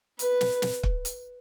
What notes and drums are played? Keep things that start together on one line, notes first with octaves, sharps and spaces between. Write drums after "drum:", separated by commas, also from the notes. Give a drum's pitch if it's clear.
B4, drum: hi-hat
drum: snare
drum: snare
drum: kick
drum: hi-hat